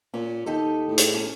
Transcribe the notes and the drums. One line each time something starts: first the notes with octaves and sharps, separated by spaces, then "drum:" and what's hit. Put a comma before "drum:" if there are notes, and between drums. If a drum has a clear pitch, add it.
A#2 C#4
D#2 D#4 G4 A4
A2
drum: hi-hat
C#4 G#5